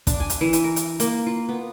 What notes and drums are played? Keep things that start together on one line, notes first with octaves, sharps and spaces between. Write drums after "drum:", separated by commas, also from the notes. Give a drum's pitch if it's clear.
D4, drum: kick, hi-hat
G#5
drum: hi-hat
E3
drum: hi-hat
A#4
drum: hi-hat
A#3, drum: hi-hat
F4
B3